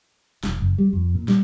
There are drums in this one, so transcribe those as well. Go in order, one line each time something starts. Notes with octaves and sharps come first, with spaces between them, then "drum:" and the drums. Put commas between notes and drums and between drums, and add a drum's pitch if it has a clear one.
E1, drum: snare
F#1
G3
F2
A#2
G3, drum: snare